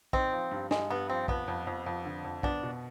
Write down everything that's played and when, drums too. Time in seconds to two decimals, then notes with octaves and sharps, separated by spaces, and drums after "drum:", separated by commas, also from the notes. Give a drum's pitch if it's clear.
0.13 C4 D#4, drum: kick
0.32 F3
0.51 G2
0.71 G2 G#3, drum: snare
0.90 G2 B3
1.09 F3 C4
1.28 F2 B3, drum: kick
1.48 F2
1.67 F2
1.86 F2
2.05 D3
2.24 F2
2.43 B3 D4, drum: kick
2.63 B2